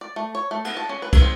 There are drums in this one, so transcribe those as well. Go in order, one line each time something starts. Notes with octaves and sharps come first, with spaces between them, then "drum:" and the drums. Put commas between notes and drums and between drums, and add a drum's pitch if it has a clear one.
D5
A3
C#5
A3
B3, drum: cymbal
A5
C#4
B4
drum: kick, cymbal
C4